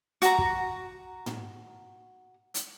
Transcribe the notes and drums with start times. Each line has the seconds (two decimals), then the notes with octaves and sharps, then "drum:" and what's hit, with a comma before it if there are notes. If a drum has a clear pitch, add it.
0.22 F#4 A#5, drum: hi-hat
0.38 drum: kick
1.26 drum: tom
2.54 drum: hi-hat